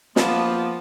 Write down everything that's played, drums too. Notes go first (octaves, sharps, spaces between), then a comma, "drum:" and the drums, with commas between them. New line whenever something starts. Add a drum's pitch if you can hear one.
F3 A#3 B3 A5, drum: snare